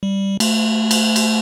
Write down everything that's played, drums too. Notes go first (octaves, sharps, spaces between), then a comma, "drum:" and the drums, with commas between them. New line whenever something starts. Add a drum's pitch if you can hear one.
G3
A3, drum: cymbal
drum: cymbal
drum: cymbal